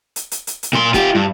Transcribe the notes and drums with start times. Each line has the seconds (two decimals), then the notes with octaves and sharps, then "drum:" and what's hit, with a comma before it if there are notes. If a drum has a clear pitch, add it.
0.16 drum: hi-hat
0.31 drum: hi-hat
0.47 drum: hi-hat
0.63 drum: hi-hat
0.73 A#2 C6
0.94 F4 G4, drum: snare
1.15 G2